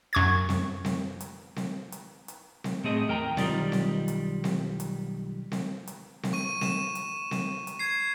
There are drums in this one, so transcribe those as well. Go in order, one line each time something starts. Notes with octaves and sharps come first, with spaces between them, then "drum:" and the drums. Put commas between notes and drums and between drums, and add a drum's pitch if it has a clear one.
F#2 C#6 G#6
drum: snare C4
drum: snare C4
drum: hi-hat
drum: snare C4
drum: hi-hat
drum: hi-hat
drum: snare C4
A2 A3 C4 G#4 D#5
E2 A#4 G5 A#5
B1 D#3 G3 F4 D5 D#5, drum: snare C4
drum: snare C4
drum: hi-hat
drum: snare C4
drum: hi-hat
drum: snare C4
drum: hi-hat
drum: snare C4
C#6 D#7
E7, drum: snare C4
drum: hi-hat
drum: snare C4
drum: hi-hat
G#6 C7